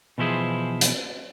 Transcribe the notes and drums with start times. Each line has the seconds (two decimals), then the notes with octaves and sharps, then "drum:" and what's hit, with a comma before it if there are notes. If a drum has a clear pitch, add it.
0.18 B2 E3 F3 E4 G#4 C5
0.81 drum: hi-hat